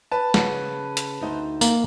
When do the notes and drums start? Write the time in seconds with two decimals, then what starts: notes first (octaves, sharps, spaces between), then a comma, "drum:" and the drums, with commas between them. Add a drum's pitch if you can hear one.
0.12 B4 A5
0.34 C#3, drum: snare
0.97 drum: hi-hat
1.21 D2 D#4 C5
1.61 A#3 F#7, drum: tambourine